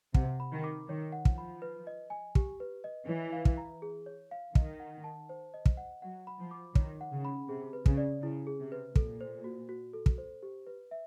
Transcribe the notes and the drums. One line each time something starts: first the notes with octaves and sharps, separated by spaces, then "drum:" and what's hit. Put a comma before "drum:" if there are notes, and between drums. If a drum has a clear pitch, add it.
C3 F#5, drum: kick
B5
D#3
D6
D#3 C#5
F#5
F3, drum: kick
B5
B4
D#5
G#5
G4, drum: kick
B4
D#5
E3 C#5
F5
drum: kick
A#5
G#4
C#5
F5
D#3 D#5, drum: kick
F#5
A5
C5
D#5
drum: kick
F#5
F#3 F#5
B5
F3
D6
D#3 C#5, drum: kick
F#5
C#3
B5
C3 G#4
B4
C#3, drum: kick
D5
C#3 E4
G#4
C3
B4
A#2 A4, drum: kick
C5
F#4
F#4
A4
drum: kick
C5
G4
B4
E5